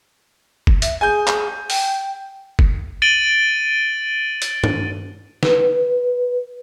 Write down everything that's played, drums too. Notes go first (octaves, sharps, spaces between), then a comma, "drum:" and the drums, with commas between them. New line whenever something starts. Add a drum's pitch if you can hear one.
drum: kick
E5, drum: hi-hat
G#4 G#5 G6
drum: clap
G5, drum: open hi-hat
drum: kick
A6 D7 D#7 F#7 G7
drum: hi-hat
drum: tom
B4, drum: snare